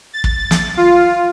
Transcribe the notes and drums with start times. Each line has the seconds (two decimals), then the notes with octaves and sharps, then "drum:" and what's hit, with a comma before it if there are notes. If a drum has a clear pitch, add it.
0.13 A6
0.24 drum: kick
0.51 drum: snare
0.77 F4